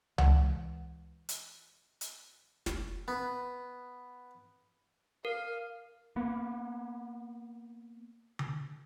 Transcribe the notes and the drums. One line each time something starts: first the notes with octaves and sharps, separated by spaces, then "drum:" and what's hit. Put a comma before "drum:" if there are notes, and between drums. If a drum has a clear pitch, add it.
E3 G#3 F#5, drum: tom C#2
drum: hi-hat
drum: hi-hat
drum: snare
B3
A#4 F5
A#3 B3
drum: tom D3